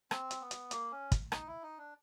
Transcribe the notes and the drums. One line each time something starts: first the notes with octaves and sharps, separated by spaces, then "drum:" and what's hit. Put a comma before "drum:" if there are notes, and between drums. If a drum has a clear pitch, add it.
C4, drum: rim click
drum: hi-hat
B3
drum: hi-hat
A#3, drum: hi-hat
C#4
drum: kick, hi-hat
D#4, drum: rim click
E4
D#4
D4